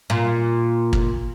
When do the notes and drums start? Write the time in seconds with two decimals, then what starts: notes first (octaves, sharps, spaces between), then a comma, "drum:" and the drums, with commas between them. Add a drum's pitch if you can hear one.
0.10 A#2
0.93 drum: kick